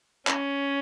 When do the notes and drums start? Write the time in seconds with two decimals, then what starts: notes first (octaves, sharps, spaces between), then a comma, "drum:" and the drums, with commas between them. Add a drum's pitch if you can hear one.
0.27 C#4, drum: clap